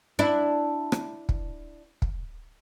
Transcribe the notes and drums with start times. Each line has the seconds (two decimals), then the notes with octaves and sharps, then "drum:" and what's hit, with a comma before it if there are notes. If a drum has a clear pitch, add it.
0.19 D4 E4
0.92 drum: rim click
1.29 drum: kick
2.02 drum: kick